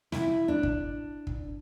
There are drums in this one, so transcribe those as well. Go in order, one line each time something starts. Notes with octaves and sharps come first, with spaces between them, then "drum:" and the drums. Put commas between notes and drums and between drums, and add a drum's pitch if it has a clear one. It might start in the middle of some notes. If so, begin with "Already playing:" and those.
E4, drum: snare
D4
drum: kick
drum: kick